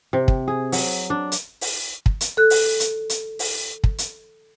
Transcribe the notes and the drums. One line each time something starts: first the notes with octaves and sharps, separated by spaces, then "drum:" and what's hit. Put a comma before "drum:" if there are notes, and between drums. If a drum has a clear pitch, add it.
C3
drum: kick
G#4
F#3, drum: open hi-hat
D4
drum: hi-hat
drum: open hi-hat
drum: kick
drum: hi-hat
A4 F#6
drum: open hi-hat
drum: hi-hat
drum: hi-hat
drum: open hi-hat
drum: kick
drum: hi-hat